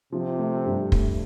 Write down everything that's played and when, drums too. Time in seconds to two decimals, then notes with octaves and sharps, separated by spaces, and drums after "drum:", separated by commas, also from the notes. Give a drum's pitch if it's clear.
0.12 C3 F3
0.39 A3
0.65 G2
0.92 A3, drum: kick